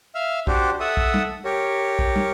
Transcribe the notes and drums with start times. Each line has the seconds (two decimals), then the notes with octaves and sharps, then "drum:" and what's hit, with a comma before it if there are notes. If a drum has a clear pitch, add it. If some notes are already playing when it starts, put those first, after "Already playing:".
0.15 E5 F5 F6
0.47 D4 F#4 G4 C5, drum: kick
0.80 A4 E5 F#5 D#6
0.97 drum: kick
1.14 drum: tom
1.45 G4 A#4 C#5
1.99 drum: kick
2.16 drum: tom